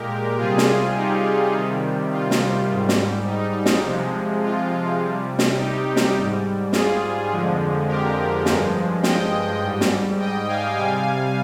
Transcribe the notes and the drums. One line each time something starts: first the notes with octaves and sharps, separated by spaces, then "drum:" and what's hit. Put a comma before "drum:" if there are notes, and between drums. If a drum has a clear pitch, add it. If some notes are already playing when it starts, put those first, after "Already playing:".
Already playing: A#2 G#3 G4 A#4
C3 G3 F4 G#4
drum: snare
D#4 G4
C3 D#3 G3
F4
drum: snare
G#2 G3
drum: snare
D#4
drum: snare
C3 F3 G#3
F4
C3 G3
drum: snare
D#4 G4
drum: snare
G#2 G3
F4 G#4, drum: snare
F2 D3 F3 G#3
G4 A#4
G2 F3 G#3, drum: snare
D#5 G5, drum: snare
G#2 G3
drum: snare
D#5 G5
F5 G#5
C3 G3 F5 G#5